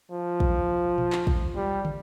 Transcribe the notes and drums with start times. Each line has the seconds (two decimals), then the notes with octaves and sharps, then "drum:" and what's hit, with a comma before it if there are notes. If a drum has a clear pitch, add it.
0.11 F3
0.40 drum: kick
0.98 drum: tom A#2
1.12 drum: clap
1.27 drum: kick
1.56 G3
1.85 drum: tom